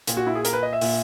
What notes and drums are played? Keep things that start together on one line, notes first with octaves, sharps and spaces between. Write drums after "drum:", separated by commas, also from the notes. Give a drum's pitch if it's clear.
A#2, drum: hi-hat
F#4
E4
G#4
A#4, drum: hi-hat
B4
D#5
E5
A#2, drum: open hi-hat